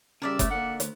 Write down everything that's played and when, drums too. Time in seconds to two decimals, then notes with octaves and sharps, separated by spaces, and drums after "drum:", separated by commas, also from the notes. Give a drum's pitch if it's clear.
0.22 C#3 G3 A#4 D5 E5
0.39 A3, drum: kick F#1, hi-hat
0.51 D3 A#3 F#5
0.80 D2, drum: hi-hat